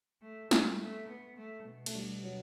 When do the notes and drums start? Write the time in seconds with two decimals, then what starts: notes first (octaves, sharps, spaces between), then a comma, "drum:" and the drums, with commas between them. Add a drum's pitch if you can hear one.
0.22 A3
0.51 G3, drum: snare
0.80 A3
1.08 B3
1.37 A3
1.66 B2
1.86 A3, drum: cymbal
1.95 G3
2.23 F#3